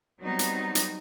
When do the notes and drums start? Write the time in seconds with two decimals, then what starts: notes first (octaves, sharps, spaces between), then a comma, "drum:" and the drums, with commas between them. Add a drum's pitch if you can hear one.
0.21 F#3 G3 B3 C4 D#4
0.39 drum: hi-hat
0.75 drum: hi-hat